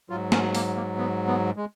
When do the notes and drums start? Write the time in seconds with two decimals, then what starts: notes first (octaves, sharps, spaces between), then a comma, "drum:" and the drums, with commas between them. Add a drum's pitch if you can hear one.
0.10 G#2 F#3 F4
0.32 C#4, drum: snare
0.55 A#3, drum: open hi-hat
0.76 A#3
0.98 B3
1.27 B3
1.56 G#3